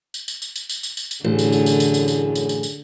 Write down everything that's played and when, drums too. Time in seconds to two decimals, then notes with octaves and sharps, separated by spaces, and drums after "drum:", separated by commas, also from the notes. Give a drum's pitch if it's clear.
0.14 drum: tambourine
0.28 drum: tambourine
0.42 drum: tambourine
0.56 drum: tambourine
0.69 drum: tambourine
0.83 drum: tambourine
0.97 drum: tambourine
1.11 drum: tambourine
1.25 A1 F#2 A2 D3 G#4
1.39 drum: tambourine
1.52 drum: tambourine
1.66 drum: tambourine
1.80 drum: tambourine
1.94 drum: tambourine
2.08 drum: tambourine
2.35 drum: tambourine
2.49 drum: tambourine
2.63 drum: tambourine